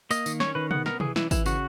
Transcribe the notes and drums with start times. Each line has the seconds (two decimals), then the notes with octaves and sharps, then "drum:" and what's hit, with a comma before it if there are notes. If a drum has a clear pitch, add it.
0.11 A#3 D#5, drum: tambourine
0.26 D#3, drum: tambourine
0.40 C#4 C#5, drum: snare
0.55 D#3 B4
0.71 B3 F#5, drum: tom
0.86 B3 A#4, drum: snare
1.00 E3 G#4, drum: tom
1.16 E3 E4, drum: snare
1.31 E3 E4, drum: kick, tambourine
1.46 C#3 F#4, drum: tambourine